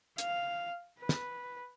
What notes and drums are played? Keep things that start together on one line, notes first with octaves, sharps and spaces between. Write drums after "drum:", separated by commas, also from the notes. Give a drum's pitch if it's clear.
F5, drum: hi-hat
B4
drum: snare